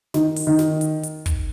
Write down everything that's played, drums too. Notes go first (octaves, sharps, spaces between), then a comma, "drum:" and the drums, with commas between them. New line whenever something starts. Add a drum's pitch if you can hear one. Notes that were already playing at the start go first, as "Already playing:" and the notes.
D#3, drum: snare
drum: open hi-hat
D#3
drum: snare
drum: hi-hat
drum: hi-hat
drum: kick, hi-hat